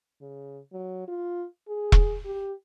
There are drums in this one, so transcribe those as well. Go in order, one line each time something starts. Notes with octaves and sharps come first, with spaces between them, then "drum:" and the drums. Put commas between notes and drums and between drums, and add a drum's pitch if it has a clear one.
C#3
F#3
F4
G#4
drum: kick E1
G4